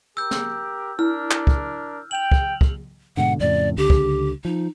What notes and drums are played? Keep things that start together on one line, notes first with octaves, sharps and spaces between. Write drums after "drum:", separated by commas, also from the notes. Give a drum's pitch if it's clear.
G4 A#4 E6 G6
drum: snare
D4 E4 A#4 F6
drum: clap
drum: kick
G5 F7 F#7
drum: kick
drum: kick
G#2 B2 D3 F#5
F2 A2 C#3 D5
C#2 D3 G4
drum: kick
F3 D#4